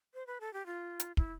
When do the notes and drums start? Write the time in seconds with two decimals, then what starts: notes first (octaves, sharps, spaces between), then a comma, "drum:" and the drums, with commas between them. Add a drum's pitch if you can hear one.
0.14 C5
0.27 B4
0.41 A4
0.54 G4
0.66 F4
1.00 drum: hi-hat
1.17 E4, drum: kick